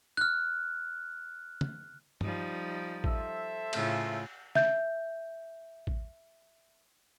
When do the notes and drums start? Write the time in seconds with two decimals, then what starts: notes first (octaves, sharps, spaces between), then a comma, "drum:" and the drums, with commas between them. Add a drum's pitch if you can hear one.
0.17 F6 F#6
1.61 drum: tom
2.21 F3 G3 D#4, drum: tom G2
3.04 A4 C5 E5, drum: kick
3.73 A2 C#3 F4, drum: cymbal
4.55 E5 G6, drum: snare
5.87 drum: kick